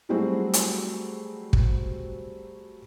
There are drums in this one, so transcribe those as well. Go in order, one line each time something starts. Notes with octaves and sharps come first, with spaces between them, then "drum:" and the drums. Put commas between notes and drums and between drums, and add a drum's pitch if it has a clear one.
F#3 G3 A3 C4 F#4 G#4
drum: hi-hat
drum: kick